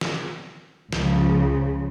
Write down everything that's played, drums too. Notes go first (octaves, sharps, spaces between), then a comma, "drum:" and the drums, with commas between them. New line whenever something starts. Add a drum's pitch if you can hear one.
drum: snare
C#2 C#3 F3, drum: snare